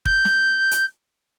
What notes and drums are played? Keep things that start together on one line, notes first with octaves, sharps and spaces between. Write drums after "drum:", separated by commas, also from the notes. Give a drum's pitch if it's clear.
G6, drum: kick
drum: snare
drum: hi-hat